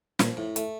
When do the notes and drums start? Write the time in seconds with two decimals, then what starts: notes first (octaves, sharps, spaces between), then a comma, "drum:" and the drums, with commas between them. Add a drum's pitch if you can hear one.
0.19 A#2 F3, drum: snare
0.37 A2
0.56 A3, drum: hi-hat